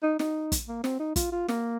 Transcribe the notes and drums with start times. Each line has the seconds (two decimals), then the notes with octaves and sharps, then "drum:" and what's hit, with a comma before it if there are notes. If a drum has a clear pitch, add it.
0.03 D#4
0.19 D#4, drum: snare
0.52 drum: kick, hi-hat
0.68 A#3
0.84 C4, drum: snare
1.00 D#4
1.16 F4, drum: kick, hi-hat
1.32 F4
1.48 A#3, drum: snare